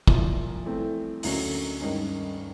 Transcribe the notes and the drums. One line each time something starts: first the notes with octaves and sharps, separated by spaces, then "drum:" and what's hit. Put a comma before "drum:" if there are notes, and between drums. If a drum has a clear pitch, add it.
C2 A#2 F3, drum: kick
E3 A3 C4
D2 D3 F#3 A#3 C#4, drum: open hi-hat
G2 D#3 G#3 C#4